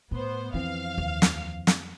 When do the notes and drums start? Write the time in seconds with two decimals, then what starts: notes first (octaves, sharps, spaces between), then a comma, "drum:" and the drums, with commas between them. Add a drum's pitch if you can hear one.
0.11 A2 B3 C5
0.54 F2 D3 E3 C4 F5
0.98 D#2
1.22 drum: snare
1.67 drum: snare